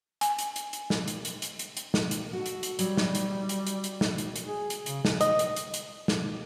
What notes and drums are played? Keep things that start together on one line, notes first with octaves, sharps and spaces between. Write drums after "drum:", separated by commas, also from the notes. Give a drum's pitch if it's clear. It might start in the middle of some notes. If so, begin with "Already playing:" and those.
G#5, drum: hi-hat
drum: hi-hat
drum: hi-hat
drum: hi-hat
drum: snare
drum: hi-hat
drum: hi-hat
drum: hi-hat
drum: hi-hat
drum: hi-hat
drum: snare
drum: hi-hat
F#4 A4
drum: hi-hat
drum: hi-hat
F#3 G3, drum: hi-hat
drum: snare
drum: hi-hat
drum: hi-hat
drum: hi-hat
drum: hi-hat
drum: snare
drum: hi-hat
drum: hi-hat
G#4
drum: hi-hat
C#3, drum: hi-hat
drum: snare
D#5, drum: hi-hat
drum: hi-hat
drum: hi-hat
drum: hi-hat
drum: snare